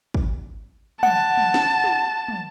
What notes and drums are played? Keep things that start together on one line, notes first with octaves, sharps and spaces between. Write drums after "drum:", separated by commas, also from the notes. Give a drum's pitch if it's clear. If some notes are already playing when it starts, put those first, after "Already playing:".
drum: kick
F#5 A5, drum: tom
drum: tom
drum: snare
drum: tom
drum: tom